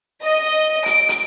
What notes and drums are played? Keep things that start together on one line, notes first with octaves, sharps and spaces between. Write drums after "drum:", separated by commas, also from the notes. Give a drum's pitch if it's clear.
D#5
D7, drum: hi-hat
drum: hi-hat